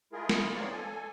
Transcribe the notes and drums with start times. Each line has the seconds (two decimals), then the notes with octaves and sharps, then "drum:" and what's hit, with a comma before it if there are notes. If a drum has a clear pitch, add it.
0.13 G#3 A3 E4 F4 G#4 A#4
0.29 drum: snare
0.55 B3 C4 D#4 C#5 D5 F5
0.73 A4 G#5